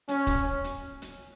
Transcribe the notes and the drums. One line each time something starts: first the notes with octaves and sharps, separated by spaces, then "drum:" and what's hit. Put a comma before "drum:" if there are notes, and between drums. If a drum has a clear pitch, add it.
C#4, drum: hi-hat
drum: kick, hi-hat
drum: hi-hat
drum: hi-hat